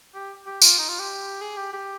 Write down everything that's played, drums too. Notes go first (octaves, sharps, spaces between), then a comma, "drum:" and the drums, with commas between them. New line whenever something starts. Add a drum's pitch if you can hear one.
G4
G4
F4, drum: tambourine
D#4
F4
G4
G#4
G4
G4